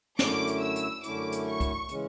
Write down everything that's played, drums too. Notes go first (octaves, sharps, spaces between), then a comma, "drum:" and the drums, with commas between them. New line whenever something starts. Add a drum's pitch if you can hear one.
F#2 D3 A3 C#4 E4 D6, drum: snare
drum: hi-hat
E6
drum: hi-hat
F#2 D3 A3 C#4 E4 D6, drum: hi-hat
drum: hi-hat
C#6
drum: kick C2, hi-hat
C#3 E3 G#3 C#4, drum: hi-hat